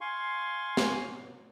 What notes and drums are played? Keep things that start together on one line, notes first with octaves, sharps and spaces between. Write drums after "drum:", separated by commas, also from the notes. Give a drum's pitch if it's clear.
F5 G#5 C6 C#6
drum: snare